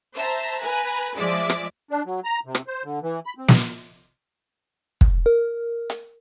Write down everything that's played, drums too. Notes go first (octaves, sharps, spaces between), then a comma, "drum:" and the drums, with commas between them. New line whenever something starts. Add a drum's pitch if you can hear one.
C5 E5 A5 A#5
B4 G#5 A#5
F3 G#3 D5 E5 D6
drum: rim click
D4
F#3
A#5
C3
drum: rim click
C5
D3
E3
B5
C4
drum: snare
drum: kick
A#4
drum: hi-hat